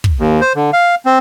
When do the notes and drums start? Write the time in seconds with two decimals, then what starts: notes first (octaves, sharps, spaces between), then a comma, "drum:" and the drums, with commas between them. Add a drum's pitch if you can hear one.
0.04 drum: kick
0.20 D#2
0.41 C5
0.55 D3
0.73 F5
1.06 C4